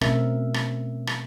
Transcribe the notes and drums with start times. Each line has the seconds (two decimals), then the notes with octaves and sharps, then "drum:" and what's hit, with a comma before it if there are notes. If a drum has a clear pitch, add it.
0.01 B2 A3 C4 C#4 A#4 E5, drum: rim click
0.54 drum: rim click
1.07 drum: rim click